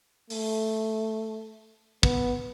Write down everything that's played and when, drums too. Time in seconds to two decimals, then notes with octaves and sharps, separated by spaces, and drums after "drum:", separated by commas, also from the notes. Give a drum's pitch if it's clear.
0.30 A3, drum: open hi-hat
2.03 B3, drum: kick